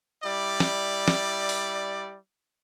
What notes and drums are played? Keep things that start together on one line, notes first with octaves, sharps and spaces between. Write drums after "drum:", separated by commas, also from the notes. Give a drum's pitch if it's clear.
G3 E4 D5
drum: snare
drum: snare
drum: open hi-hat